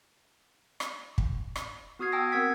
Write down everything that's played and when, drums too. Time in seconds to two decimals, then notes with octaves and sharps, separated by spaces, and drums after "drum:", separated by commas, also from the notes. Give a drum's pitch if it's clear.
0.80 drum: rim click
1.18 drum: kick
1.56 drum: rim click
1.99 B3 F#4 D#6 F6 G#6 C7
2.12 G5 A5 D#6 E6 A#6
2.32 C4 A#4 F#5 E6 G#6 B6